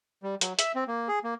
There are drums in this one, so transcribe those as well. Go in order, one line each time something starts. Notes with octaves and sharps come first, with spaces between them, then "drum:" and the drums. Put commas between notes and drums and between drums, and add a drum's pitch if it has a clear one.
G3
F#3, drum: hi-hat
E5, drum: hi-hat
C4
A#3
G#4
A#3